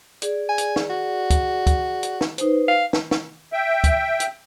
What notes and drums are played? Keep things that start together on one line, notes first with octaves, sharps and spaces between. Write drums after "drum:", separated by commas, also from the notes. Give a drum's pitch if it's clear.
G#4 D5, drum: hi-hat
G#5
drum: hi-hat
drum: snare
F#4
drum: kick C#2, hi-hat
drum: kick C#2, hi-hat
drum: hi-hat
drum: snare
D#4 B4 C5, drum: hi-hat
F5
drum: snare
drum: snare
E5 G5
drum: kick C#2, hi-hat
drum: hi-hat